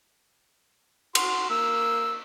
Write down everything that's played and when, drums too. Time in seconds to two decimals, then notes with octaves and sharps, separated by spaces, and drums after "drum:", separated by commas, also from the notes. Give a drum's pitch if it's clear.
1.15 F#4 C6, drum: cymbal
1.50 A#3 E6